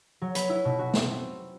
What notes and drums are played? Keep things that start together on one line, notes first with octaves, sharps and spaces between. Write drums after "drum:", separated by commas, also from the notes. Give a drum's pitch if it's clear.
F#3
B4, drum: hi-hat
E4
B2
F#4
C4, drum: snare